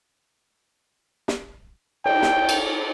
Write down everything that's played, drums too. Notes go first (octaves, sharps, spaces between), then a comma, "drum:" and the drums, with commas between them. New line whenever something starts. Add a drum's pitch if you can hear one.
drum: snare
G5, drum: cymbal
drum: snare
drum: cymbal